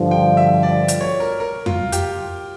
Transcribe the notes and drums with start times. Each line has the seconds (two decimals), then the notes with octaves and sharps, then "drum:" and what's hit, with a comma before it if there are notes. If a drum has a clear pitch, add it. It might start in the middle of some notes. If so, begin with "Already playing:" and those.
Already playing: G2 D3 F3
0.11 G5
0.37 E5
0.63 D5
0.88 drum: hi-hat
1.01 C#5
1.20 A#4
1.40 A#4
1.66 F4, drum: tom F2
1.92 G4, drum: hi-hat